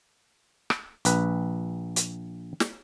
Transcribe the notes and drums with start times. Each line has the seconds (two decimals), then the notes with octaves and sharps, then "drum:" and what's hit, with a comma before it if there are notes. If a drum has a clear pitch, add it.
0.70 drum: rim click
1.05 A#1 B4, drum: hi-hat
1.96 drum: hi-hat
2.60 drum: snare